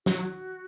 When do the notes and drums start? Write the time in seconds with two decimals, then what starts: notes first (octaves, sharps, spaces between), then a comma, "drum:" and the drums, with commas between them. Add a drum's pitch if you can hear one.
0.06 F#3 F#4, drum: snare